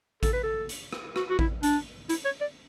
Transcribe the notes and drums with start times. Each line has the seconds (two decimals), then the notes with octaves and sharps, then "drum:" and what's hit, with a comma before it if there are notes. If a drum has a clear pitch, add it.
0.23 A4, drum: kick A1, hi-hat
0.33 B4
0.43 A4
0.69 drum: hi-hat
0.93 drum: rim click
1.16 F#4, drum: rim click
1.30 F#4
1.39 E4, drum: kick A1
1.63 D4, drum: hi-hat
2.09 E4, drum: hi-hat
2.25 C#5
2.41 D5